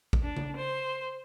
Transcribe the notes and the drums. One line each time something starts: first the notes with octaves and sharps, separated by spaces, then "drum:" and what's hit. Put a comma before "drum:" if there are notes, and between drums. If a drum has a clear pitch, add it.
drum: kick
D4
drum: tom C#3
C5